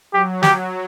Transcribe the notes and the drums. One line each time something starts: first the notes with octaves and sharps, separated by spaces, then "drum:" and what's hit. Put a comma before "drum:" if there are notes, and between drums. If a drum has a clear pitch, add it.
F#3 G4
G4, drum: snare